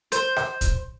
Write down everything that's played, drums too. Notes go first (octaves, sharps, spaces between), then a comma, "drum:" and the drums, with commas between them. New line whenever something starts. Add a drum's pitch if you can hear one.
C5, drum: hi-hat
drum: rim click
drum: kick, hi-hat